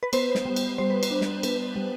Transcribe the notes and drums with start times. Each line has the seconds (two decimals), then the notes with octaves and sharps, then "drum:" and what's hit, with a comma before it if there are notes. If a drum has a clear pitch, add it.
0.03 B4
0.13 B3 C5, drum: cymbal
0.35 drum: snare
0.45 G3
0.56 drum: cymbal
0.78 G3 C5
0.90 B4
1.03 C5, drum: cymbal
1.11 D4
1.21 drum: snare
1.43 B3 B4, drum: cymbal
1.76 G3